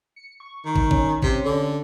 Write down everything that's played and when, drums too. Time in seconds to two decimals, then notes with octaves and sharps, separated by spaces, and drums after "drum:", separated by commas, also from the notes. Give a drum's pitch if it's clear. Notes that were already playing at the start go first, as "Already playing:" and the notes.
0.16 C#7
0.40 C#6
0.65 D#3
0.76 drum: kick
0.91 C#4, drum: kick
1.23 C3, drum: kick
1.45 D3